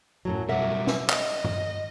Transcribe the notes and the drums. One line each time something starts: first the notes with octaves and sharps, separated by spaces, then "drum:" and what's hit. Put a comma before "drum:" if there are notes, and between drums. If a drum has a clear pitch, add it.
F#2 A2 F#3
B2 F#3 G3 A#4 E5 F#5
drum: snare
D#5, drum: clap
drum: tom G2